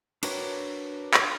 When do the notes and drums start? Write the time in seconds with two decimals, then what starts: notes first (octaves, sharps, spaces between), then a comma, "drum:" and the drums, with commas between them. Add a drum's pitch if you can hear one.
0.23 D4 F#4 A#4 B4 C#5, drum: cymbal
1.14 drum: clap